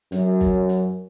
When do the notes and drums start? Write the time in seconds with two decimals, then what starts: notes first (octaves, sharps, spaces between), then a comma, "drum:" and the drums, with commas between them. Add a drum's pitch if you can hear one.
0.12 F#2, drum: hi-hat
0.41 drum: kick, hi-hat
0.69 drum: hi-hat